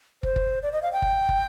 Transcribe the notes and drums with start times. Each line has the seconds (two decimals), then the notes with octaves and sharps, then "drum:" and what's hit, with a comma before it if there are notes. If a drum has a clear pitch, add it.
0.23 C5, drum: kick
0.36 drum: kick
0.63 D5
0.73 D#5
0.82 F5
0.93 G5
1.02 drum: kick
1.29 drum: kick